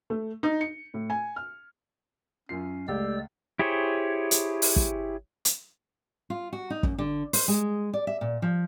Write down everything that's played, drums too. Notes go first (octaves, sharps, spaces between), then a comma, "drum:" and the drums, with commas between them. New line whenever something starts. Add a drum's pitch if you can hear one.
A3
D#4
C#7
A2
G#5
F6
F#2 C#4 F4 C7
C#2 G#3 A3 G4 D5 E6
E4 G4 G#4 C5 C#5
drum: hi-hat
drum: open hi-hat
drum: kick
drum: hi-hat
F4
F#4
D#4
F#2, drum: kick
D3
C5, drum: open hi-hat
G#3
D5
E5
A#2
F3